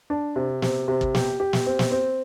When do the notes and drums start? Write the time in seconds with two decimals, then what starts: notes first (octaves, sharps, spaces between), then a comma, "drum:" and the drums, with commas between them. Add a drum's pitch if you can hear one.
0.10 D4
0.36 C3
0.62 C3, drum: snare
0.88 C3
1.01 drum: kick
1.15 G4, drum: snare
1.40 G4
1.53 drum: snare
1.66 C4
1.79 drum: snare
1.91 C4